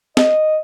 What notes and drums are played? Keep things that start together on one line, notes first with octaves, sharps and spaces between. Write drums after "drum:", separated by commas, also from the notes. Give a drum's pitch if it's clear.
D#5, drum: snare